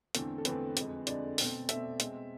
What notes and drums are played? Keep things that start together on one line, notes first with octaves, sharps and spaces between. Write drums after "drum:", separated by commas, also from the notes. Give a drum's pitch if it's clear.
E2 D3 A3 C4, drum: hi-hat
A4
E2 D3 A3 C4 B4, drum: hi-hat
F2 D3 G#3, drum: hi-hat
F2 D3 G#3 D5, drum: hi-hat
B2 A3 C4, drum: open hi-hat
B2 A3 C4 E5, drum: hi-hat
B2 G#3 C4, drum: hi-hat